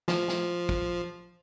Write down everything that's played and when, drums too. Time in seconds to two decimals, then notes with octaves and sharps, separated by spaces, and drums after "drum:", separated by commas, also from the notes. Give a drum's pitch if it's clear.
0.08 F3, drum: snare
0.28 drum: snare
0.69 drum: kick